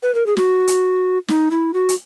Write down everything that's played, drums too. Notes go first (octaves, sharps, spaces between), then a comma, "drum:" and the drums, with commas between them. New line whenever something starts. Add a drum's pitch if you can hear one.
B4
A#4
G#4
F#4, drum: snare
drum: hi-hat
D#4, drum: snare
E4
F#4
drum: hi-hat